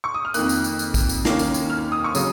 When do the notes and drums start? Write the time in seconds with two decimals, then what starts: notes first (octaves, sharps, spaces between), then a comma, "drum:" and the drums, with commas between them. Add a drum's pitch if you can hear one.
0.04 C#6
0.14 D#6
0.25 F6
0.34 F2 D#3 A#3 F#6, drum: tambourine
0.49 drum: tambourine
0.64 drum: tambourine
0.79 drum: tambourine
0.94 drum: kick, tambourine
1.09 drum: tambourine
1.25 D#2 D#3 A#3 C#4, drum: snare
1.39 drum: tambourine
1.54 drum: tambourine
1.70 F6
1.92 D#6
2.04 C#6
2.15 C#3 F#3 D#6, drum: tambourine